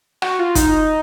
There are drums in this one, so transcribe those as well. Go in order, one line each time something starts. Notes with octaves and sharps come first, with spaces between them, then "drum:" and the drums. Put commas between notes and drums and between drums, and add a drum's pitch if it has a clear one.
F#4, drum: rim click
F4
D#4, drum: kick, hi-hat